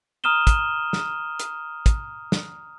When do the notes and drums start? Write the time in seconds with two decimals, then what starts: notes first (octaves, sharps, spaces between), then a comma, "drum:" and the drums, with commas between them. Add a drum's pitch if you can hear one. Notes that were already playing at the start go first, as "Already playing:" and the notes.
0.24 A#5 D#6 F6 D#7 E7 G7
0.47 drum: kick, hi-hat
0.93 drum: snare
1.39 drum: hi-hat
1.86 drum: kick, hi-hat
2.32 drum: snare